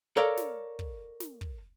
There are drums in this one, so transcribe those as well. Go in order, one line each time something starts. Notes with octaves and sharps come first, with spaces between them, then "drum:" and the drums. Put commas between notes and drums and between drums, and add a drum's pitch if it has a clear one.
A4 A#4 C#5 D5 F5
drum: snare
drum: kick
drum: snare
drum: kick